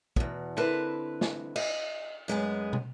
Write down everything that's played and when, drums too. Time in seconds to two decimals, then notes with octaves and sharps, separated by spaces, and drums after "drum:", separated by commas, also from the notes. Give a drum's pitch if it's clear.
0.16 E2 B2, drum: kick
0.57 D3 C4 E4 A#4 B4 A5
1.21 drum: snare
1.56 D#5, drum: cymbal
2.28 F#2 G#3 B3 G#4
2.73 drum: tom